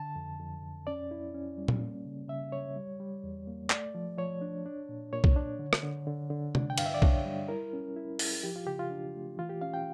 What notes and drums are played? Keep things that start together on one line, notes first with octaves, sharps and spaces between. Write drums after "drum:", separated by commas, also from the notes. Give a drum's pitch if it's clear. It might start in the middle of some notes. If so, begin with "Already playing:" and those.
Already playing: D3 A5
F2
F2
F2
C#4 D5
E4
C#4
G3
drum: tom A#2
A#3
C#3
C#3 E5
C#3 C#5
G3
G3
E2
A#3
A3 D5, drum: clap
F3
F3 C#5
D4
D4
A#2
A#2 C#5
drum: kick B1
D4
D3
drum: rim click
D3
D3
D3
D4, drum: tom C3
G5
G2 F5, drum: cymbal
E5
D5
D4 C#5, drum: kick B1
G3
E4 A#4
C#4
E4
E4, drum: open hi-hat
F3 G4
F4
C#3 G4
F4
D4
A3
E3 F4
G4
C#4 F5
G5